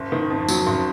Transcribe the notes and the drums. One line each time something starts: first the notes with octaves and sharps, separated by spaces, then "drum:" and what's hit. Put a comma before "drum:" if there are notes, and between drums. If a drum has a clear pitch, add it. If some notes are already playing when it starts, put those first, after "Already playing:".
Already playing: F#1
D#3
F2
F#3, drum: tambourine
F#1